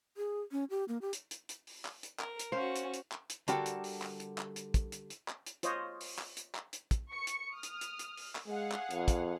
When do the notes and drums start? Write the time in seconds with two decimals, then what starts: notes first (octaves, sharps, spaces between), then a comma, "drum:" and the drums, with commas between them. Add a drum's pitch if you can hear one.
0.17 G#4
0.52 C#4
0.70 G4
0.88 A#3
1.01 G4
1.13 drum: hi-hat
1.31 drum: hi-hat
1.49 drum: hi-hat
1.67 drum: open hi-hat
1.85 drum: clap
2.03 drum: hi-hat
2.20 A#4, drum: clap
2.39 drum: hi-hat
2.52 C#4 F#4 C5 F5
2.76 drum: hi-hat
2.94 drum: hi-hat
3.12 drum: clap
3.30 drum: hi-hat
3.48 D3 G3 F#4 G4 A4 A#4, drum: hi-hat
3.66 drum: hi-hat
3.84 drum: open hi-hat
4.02 drum: clap
4.20 drum: hi-hat
4.38 drum: clap
4.56 drum: hi-hat
4.74 drum: kick, hi-hat
4.92 drum: hi-hat
5.10 drum: hi-hat
5.28 drum: clap
5.46 drum: hi-hat
5.63 F4 C5 C#5 D#5, drum: hi-hat
6.01 drum: open hi-hat
6.19 drum: clap
6.37 drum: hi-hat
6.55 drum: clap
6.73 drum: hi-hat
6.91 drum: kick, hi-hat
7.09 C#6 C#7
7.27 drum: hi-hat
7.53 D#6 F6
7.63 drum: hi-hat
7.81 drum: hi-hat
7.99 drum: hi-hat
8.17 drum: open hi-hat
8.36 drum: clap
8.47 G#3 G#4 F5 F#5
8.72 drum: clap
8.91 F2, drum: hi-hat
9.08 drum: kick, hi-hat